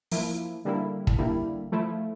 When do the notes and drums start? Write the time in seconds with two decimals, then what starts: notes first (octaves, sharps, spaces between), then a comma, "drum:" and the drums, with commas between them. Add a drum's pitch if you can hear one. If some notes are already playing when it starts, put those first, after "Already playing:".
0.12 F3 A#3 E4, drum: open hi-hat
0.65 D3 G3 A#3 E4
1.07 drum: kick
1.18 D3 G3 A#3 E4
1.72 F3 A3 E4